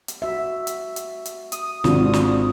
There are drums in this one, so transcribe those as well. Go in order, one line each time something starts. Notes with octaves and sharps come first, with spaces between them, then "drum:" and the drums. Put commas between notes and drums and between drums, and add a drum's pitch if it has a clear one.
drum: hi-hat
F#4 E5
drum: hi-hat
drum: hi-hat
drum: hi-hat
D#6, drum: hi-hat
G#1 D4 F4 F#4, drum: snare
drum: snare